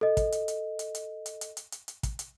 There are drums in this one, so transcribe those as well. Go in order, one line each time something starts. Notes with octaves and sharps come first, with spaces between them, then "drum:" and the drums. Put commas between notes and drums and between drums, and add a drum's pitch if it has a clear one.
A4 D#5
drum: kick, hi-hat
drum: hi-hat
drum: hi-hat
drum: hi-hat
drum: hi-hat
drum: hi-hat
drum: hi-hat
drum: hi-hat
drum: hi-hat
drum: hi-hat
drum: kick, hi-hat
drum: hi-hat